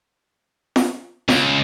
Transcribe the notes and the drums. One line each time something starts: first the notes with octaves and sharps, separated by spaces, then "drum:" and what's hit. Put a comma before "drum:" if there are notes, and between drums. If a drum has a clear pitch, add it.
drum: snare
C#2, drum: snare